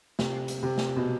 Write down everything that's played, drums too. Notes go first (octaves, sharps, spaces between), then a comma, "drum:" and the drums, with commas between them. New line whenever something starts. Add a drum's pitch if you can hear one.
C3, drum: snare
drum: hi-hat
C3
drum: snare
B2